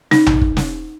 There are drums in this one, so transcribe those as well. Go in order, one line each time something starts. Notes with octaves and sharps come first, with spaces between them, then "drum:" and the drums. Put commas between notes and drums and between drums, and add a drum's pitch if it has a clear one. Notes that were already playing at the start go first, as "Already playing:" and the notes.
D#4, drum: snare
drum: tom A#1
drum: kick
drum: snare